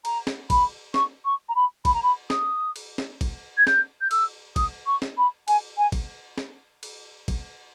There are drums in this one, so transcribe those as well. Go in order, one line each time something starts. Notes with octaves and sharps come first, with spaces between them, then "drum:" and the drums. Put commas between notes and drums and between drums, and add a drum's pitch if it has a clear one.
A#5, drum: cymbal
drum: snare
B5, drum: kick, cymbal
C#6, drum: snare
C#6
A#5
B5
B5, drum: kick, cymbal
A#5
B5
D#6, drum: snare
drum: cymbal
drum: snare
drum: kick, cymbal
G#6
G6, drum: snare
G6
E6, drum: cymbal
D#6, drum: kick, cymbal
C#6
drum: snare
B5
G#5, drum: cymbal
G#5
drum: kick, cymbal
drum: snare
drum: cymbal
drum: kick, cymbal